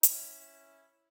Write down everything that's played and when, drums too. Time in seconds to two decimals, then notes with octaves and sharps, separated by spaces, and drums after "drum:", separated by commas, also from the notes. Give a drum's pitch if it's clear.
0.03 C#4 E4, drum: hi-hat